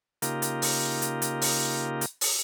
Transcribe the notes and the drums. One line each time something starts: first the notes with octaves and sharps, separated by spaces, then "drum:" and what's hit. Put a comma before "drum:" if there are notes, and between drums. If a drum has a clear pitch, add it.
C#3 A#3 D#4 F4 G4 A#4, drum: hi-hat
drum: hi-hat
drum: open hi-hat
drum: hi-hat
drum: hi-hat
drum: open hi-hat
drum: hi-hat
drum: open hi-hat